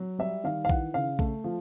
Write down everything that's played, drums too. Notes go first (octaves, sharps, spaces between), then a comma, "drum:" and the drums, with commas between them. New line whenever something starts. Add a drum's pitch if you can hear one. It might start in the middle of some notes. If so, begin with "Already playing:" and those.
Already playing: F#3
G3 E5
D#3 F5
F5
E3 F#5, drum: kick A#1
C#3 F5
A3, drum: kick A#1
F3